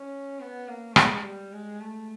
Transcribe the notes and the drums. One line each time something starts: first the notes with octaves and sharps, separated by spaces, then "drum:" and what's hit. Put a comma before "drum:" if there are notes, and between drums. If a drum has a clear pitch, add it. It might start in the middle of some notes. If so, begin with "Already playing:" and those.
Already playing: C#4
B3
A#3
G#3, drum: rim click
G3
G#3
A3